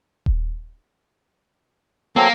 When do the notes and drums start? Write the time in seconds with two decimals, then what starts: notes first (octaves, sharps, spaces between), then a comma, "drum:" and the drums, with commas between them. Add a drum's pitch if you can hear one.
0.26 drum: kick D#1
2.16 F#3 A#3 C4 A4